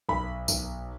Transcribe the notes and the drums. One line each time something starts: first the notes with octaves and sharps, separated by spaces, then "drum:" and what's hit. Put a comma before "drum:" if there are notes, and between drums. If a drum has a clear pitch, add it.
B1 B5
B1, drum: tambourine